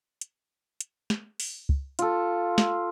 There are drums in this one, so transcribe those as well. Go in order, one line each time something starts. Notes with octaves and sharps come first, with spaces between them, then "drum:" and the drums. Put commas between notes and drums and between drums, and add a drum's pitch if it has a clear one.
drum: hi-hat
drum: hi-hat
drum: snare
drum: open hi-hat
drum: kick
F4 A4, drum: hi-hat
drum: snare